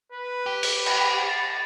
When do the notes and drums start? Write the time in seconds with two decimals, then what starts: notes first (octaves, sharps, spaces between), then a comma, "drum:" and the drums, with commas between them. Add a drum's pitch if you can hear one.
0.12 B4
0.46 G4
0.63 drum: open hi-hat
0.86 B5, drum: cymbal
1.28 A6